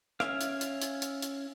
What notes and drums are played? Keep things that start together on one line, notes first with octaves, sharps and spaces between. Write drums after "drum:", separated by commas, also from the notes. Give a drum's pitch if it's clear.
C#4 E5 F5, drum: rim click
drum: hi-hat
drum: hi-hat
drum: hi-hat
drum: hi-hat
drum: hi-hat